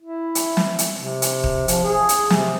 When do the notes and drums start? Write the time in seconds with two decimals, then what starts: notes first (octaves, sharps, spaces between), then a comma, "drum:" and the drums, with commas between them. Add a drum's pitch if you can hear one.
0.01 E4
0.35 drum: hi-hat
0.57 drum: snare
0.79 drum: hi-hat
0.97 C3
1.22 drum: hi-hat
1.44 drum: kick D#1
1.68 F3, drum: hi-hat
1.84 G#4
2.09 drum: hi-hat
2.30 C3, drum: snare